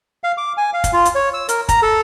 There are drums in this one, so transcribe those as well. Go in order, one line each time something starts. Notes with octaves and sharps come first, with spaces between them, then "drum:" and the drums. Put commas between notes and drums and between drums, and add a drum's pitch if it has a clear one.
F5
D6
G#5
F5
drum: kick, hi-hat
F4
drum: hi-hat
C#5
E6
A#4, drum: hi-hat
A#5, drum: kick, hi-hat
A4